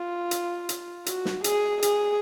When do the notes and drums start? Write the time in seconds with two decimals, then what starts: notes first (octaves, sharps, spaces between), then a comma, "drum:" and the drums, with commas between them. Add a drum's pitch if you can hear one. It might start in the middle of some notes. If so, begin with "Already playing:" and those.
Already playing: F4
0.31 drum: hi-hat
0.69 drum: hi-hat
1.06 F#4, drum: hi-hat
1.25 drum: snare
1.44 G#4, drum: hi-hat
1.82 G#4, drum: hi-hat